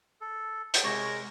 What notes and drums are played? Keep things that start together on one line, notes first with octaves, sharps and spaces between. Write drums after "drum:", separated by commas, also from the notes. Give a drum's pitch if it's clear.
A4
drum: hi-hat
C3 G#3 A#4 C#5 C#6 D6